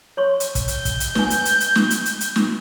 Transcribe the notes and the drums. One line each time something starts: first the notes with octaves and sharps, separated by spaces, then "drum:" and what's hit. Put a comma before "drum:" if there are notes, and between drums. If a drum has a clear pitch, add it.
C#5 C6 C#6
drum: hi-hat
drum: kick, hi-hat
G6, drum: hi-hat
drum: kick, hi-hat
drum: hi-hat
B4 G#5, drum: snare
drum: hi-hat
drum: hi-hat
drum: hi-hat
drum: snare
drum: hi-hat
drum: hi-hat
drum: hi-hat
drum: snare